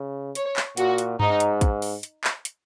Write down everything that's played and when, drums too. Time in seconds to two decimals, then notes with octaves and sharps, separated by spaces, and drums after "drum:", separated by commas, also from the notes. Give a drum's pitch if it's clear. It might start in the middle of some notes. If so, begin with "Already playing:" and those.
Already playing: C#3
0.35 C#5, drum: hi-hat
0.56 drum: clap
0.77 A#2 F#4, drum: hi-hat
0.98 drum: hi-hat
1.20 G#2 D#4, drum: tom G2
1.40 drum: hi-hat
1.61 drum: kick, hi-hat
1.82 drum: open hi-hat
2.03 drum: hi-hat
2.24 drum: clap
2.45 drum: hi-hat